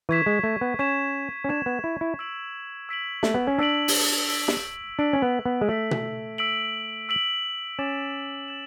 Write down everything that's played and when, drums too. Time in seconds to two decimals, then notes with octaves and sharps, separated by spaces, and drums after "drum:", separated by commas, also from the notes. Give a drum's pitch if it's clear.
0.09 E3 C#6 G#6 B6 E7
0.26 G#3
0.44 A3
0.61 B3
0.79 C#4 C#6 G#6 B6 E7
1.44 C#4
1.49 D4 C#6 G#6 B6 E7
1.66 B3
1.84 E4
2.01 E4
2.19 E6 B6 D7 F#7
2.89 E6 B6 D7 F#7
3.23 A3, drum: snare
3.34 B3
3.47 C#4
3.58 D4 E6 B6 D7 F#7
3.88 drum: open hi-hat
4.29 E6 B6 D7 F#7
4.48 drum: snare
4.99 D4 E6 B6 D7 F#7
5.13 C#4
5.22 B3
5.46 B3
5.61 G#3
5.69 A3 E6 B6 D7 F#7
5.91 drum: tom B2
6.38 E6 B6 D7 F#7
7.09 E6 B6 D7 F#7
7.79 C#4 D6 A6 E7
8.48 A6 E7